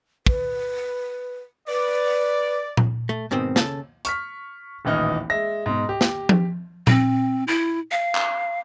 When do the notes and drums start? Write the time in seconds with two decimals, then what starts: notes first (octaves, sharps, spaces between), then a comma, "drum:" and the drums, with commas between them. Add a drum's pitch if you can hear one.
0.27 B4, drum: kick
1.68 B4 D5
2.77 drum: tom A#2
3.09 A3
3.31 G#2 B2 D#3 C4
3.56 C#3 A4, drum: snare
4.05 C#6 F6 B6, drum: hi-hat
4.85 D#1 A1 E3 D#4 F6
5.30 G#3 E5 A#6
5.66 G#2 B2
5.89 G4
6.01 drum: snare
6.29 drum: tom F3
6.87 C4, drum: tom A#2
7.48 E4
7.91 F5
8.15 drum: clap